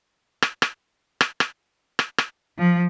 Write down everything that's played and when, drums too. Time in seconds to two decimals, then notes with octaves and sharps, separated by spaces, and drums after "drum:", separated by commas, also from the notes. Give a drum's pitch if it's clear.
0.42 drum: rim click
0.62 drum: rim click
1.21 drum: rim click
1.40 drum: rim click
1.99 drum: rim click
2.18 drum: rim click
2.57 F3